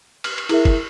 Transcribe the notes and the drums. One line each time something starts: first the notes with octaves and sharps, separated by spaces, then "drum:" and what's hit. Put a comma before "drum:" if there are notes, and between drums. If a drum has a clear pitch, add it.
F6, drum: cymbal
drum: cymbal
E4 G#4 A#4 E5, drum: cymbal
drum: kick, cymbal